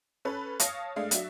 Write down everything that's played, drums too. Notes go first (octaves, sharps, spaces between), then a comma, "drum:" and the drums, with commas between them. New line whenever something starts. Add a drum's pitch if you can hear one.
C#4 A4 B4
C#5 F5 A5 D#6 A#6 C#7, drum: hi-hat
G#3 A3 D4 F5
F#3 D4 F#4 E5, drum: hi-hat